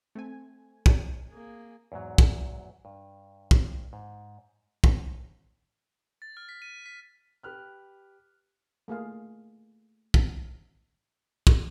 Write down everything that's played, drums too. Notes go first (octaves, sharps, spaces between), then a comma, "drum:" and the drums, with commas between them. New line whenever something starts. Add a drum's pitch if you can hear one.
A3 C4 G#5
drum: kick
A#3 G#4
E2 G#2 F#3
drum: kick
G2
drum: kick
G#2
drum: kick
A6
F6
B6
D#7
B6
G4 B4 F6 F#6
A3 A#3 G#4 F5
drum: kick
drum: kick